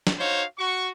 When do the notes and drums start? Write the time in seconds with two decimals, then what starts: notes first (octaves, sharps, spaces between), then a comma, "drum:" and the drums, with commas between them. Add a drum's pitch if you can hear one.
0.07 drum: snare
0.19 D#4 F#4 C5 C#5 F5
0.58 F#4 C#6